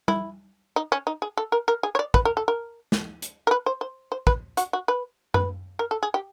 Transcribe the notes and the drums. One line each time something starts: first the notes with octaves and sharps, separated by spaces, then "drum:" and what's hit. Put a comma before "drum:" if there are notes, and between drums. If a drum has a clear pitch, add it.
E4, drum: tom G3
D#4
C#4
D#4
G#4
A4
A#4
A#4
G#4
C#5
D5
B4, drum: kick
A#4
A4
A#4
drum: snare
drum: hi-hat
A#4
B4
C5
C5
C5
B4, drum: kick
F#4, drum: hi-hat
F#4
B4
B4, drum: tom F#2
A#4
A4
G#4
G4